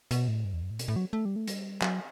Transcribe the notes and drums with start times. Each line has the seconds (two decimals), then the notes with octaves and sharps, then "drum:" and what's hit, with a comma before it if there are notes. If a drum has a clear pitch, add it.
0.11 B2, drum: hi-hat
0.28 A2
0.45 G2
0.53 E2
0.62 F#2
0.71 A2
0.79 B2, drum: hi-hat
0.88 A2
0.96 F#3
1.13 A3
1.25 G3
1.36 A3
1.48 G3, drum: hi-hat
1.82 F#3, drum: clap